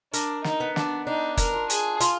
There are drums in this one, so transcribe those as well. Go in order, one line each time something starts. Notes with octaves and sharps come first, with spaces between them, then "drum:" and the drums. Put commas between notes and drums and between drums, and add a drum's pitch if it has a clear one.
D4 A#4, drum: hi-hat
D#4, drum: snare
B3
D4, drum: snare
D4 D#4
A#4, drum: kick, hi-hat
F4
G#4, drum: hi-hat
F4, drum: hi-hat